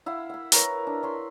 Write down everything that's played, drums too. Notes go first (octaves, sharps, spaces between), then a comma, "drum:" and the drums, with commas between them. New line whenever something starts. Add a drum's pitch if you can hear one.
E4 F5 F#5
F#5 B5
E4 A#4 B4 C#5, drum: hi-hat
D4
C#5 B5 C6